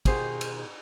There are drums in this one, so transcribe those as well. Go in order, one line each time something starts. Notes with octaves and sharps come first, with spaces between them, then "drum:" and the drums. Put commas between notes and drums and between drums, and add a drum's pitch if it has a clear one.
B2 D#3 F4 G4 G#4 C5, drum: kick, cymbal
drum: cymbal